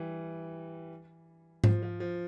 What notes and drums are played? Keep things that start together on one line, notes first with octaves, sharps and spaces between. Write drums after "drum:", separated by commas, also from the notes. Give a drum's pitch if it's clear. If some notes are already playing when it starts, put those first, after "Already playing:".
Already playing: E3 G3
F3, drum: tom G#2
F3
F3